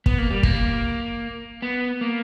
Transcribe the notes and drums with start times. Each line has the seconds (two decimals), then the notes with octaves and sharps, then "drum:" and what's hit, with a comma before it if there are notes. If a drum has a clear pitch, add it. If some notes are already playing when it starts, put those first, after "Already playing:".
0.06 B3, drum: kick
0.18 A#3
0.30 G3
0.43 A#3, drum: kick
1.62 B3
2.01 A#3